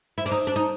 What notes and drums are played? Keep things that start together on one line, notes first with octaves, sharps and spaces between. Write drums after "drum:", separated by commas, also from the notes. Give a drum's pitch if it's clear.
E4
D4, drum: open hi-hat
D#4
D4
D#4